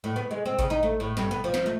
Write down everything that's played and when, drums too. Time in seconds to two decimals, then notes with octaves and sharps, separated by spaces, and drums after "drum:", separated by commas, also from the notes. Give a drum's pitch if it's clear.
0.04 A2
0.16 B3
0.31 G#3
0.46 C4
0.59 C#3, drum: kick A1, hi-hat
0.70 D#4
0.83 A3
1.00 A2
1.17 G2, drum: snare
1.31 B3
1.44 F3
1.54 drum: snare
1.66 A3